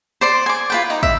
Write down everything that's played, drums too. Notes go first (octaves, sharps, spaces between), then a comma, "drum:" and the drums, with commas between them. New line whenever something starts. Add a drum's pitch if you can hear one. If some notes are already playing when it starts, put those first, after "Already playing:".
C5 D5 C6
G#5 D6
F4 B4 G5
D#4
E5, drum: kick